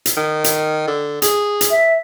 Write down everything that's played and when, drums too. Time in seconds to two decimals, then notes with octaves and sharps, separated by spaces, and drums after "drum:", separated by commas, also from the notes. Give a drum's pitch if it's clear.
0.06 drum: hi-hat
0.17 D#3
0.44 drum: hi-hat
0.87 D3
1.22 G#4, drum: hi-hat
1.61 drum: hi-hat
1.70 E5